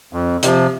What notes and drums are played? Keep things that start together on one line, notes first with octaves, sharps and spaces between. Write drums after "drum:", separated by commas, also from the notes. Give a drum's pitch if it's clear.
F2
C3 F3, drum: hi-hat